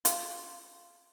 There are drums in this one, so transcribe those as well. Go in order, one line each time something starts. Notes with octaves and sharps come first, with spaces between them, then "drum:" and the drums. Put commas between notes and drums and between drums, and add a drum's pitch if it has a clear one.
F4, drum: hi-hat